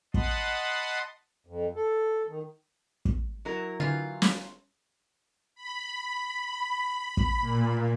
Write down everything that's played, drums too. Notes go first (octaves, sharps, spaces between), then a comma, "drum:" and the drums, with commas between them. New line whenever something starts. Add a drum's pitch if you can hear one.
D#5 F#5 A5 B5 C6 D#6, drum: kick
F2
A4
D#3
drum: kick
F#3 E4 A#4
D3 E3 F4
drum: snare
B5
drum: kick
A#2